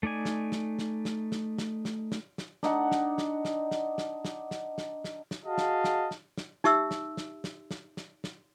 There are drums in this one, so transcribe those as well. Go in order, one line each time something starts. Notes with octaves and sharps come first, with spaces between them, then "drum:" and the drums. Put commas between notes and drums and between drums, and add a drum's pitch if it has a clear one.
A3 D#4 D5 G#5
drum: snare
drum: snare
drum: snare
drum: snare
drum: snare
drum: snare
drum: snare
drum: snare
drum: snare
D4 D#4 F#5, drum: snare
drum: snare
drum: snare
drum: snare
drum: snare
drum: snare
drum: snare
drum: snare
drum: snare
drum: snare
drum: snare
F#4 G#4 D#5 F5 A5
drum: snare
drum: snare
drum: snare
drum: snare
D#4 G4 E5 E6, drum: snare
drum: snare
drum: snare
drum: snare
drum: snare
drum: snare
drum: snare